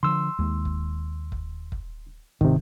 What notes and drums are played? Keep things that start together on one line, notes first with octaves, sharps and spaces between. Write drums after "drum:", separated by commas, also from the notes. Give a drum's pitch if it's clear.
D3 F3 C6 E6
D#2 G#3
drum: kick
drum: kick
drum: kick
G#2 C3 D#3, drum: kick